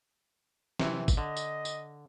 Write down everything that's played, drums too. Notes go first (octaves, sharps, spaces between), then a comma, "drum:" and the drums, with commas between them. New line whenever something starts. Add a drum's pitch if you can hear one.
C3 E3, drum: snare
drum: kick G#1, tambourine
D3 D#5
drum: tambourine
drum: tambourine